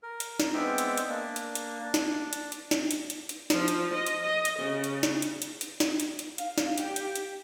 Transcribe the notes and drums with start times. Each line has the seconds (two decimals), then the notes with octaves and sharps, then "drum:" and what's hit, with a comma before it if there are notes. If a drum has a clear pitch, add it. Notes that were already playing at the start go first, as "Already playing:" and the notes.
0.03 A#4
0.20 drum: hi-hat
0.40 drum: snare
0.54 G#3 B3 C4 D5 E5
0.78 drum: hi-hat
0.97 drum: hi-hat
1.09 A#3 D4
1.36 drum: hi-hat
1.55 drum: hi-hat
1.82 D4
1.94 drum: snare
2.33 drum: hi-hat
2.52 drum: hi-hat
2.71 drum: snare
2.91 drum: hi-hat
3.10 drum: hi-hat
3.29 drum: hi-hat
3.50 F3, drum: snare
3.68 drum: hi-hat
3.93 D#5
4.06 drum: hi-hat
4.21 D#5
4.45 drum: hi-hat
4.59 C#3
4.84 drum: hi-hat
5.03 drum: snare
5.22 drum: hi-hat
5.42 drum: hi-hat
5.61 drum: hi-hat
5.80 drum: snare
6.00 drum: hi-hat
6.19 drum: hi-hat
6.38 F5, drum: hi-hat
6.58 drum: snare
6.78 G4, drum: hi-hat
6.96 drum: hi-hat
7.16 drum: hi-hat